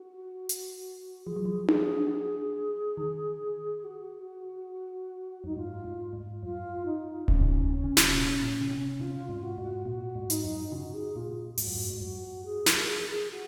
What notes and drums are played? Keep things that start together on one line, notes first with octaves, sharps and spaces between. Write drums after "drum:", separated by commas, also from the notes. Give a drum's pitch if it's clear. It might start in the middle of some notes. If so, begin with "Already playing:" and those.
Already playing: F#4
drum: hi-hat
F3 G#4
F#3
F3
G#4, drum: tom D4
F#4
G#4
D#3
F#4
F#2 D#4
G#2 F4
G#2
G#2
F#2 F4
D#4
C#3 C#4, drum: kick D1
C3
C#3
C3
C#3
C3, drum: snare
A#2
A#2
C#3
C3
C3 F4
G#2
F#4
G#2
A#2 F#4
G#2
D#4, drum: hi-hat
F#2
C#3 F#4
G#4
A#2 F4
G#2 F#4, drum: open hi-hat
F#2
G#2
G#2
F#2 F#4
G#4
A#4, drum: snare
G#4
G#4
F#4